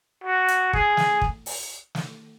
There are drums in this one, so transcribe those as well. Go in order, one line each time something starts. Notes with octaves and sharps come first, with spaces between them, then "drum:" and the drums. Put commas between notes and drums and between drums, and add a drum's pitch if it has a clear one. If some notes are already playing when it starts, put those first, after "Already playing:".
F#4
drum: hi-hat
G#4, drum: kick
drum: snare
drum: kick
drum: open hi-hat
drum: snare